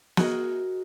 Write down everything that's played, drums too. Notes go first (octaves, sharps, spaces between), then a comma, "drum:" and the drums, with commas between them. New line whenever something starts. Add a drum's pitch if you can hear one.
F#4 G#4 A#4 D#5, drum: snare